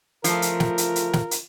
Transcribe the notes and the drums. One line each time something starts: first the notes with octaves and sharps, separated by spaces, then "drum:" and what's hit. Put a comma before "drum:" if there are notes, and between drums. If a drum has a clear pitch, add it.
C#3 E3 F3 A3 F4 A#4, drum: hi-hat
drum: hi-hat
drum: snare
drum: hi-hat
drum: hi-hat
drum: snare
drum: hi-hat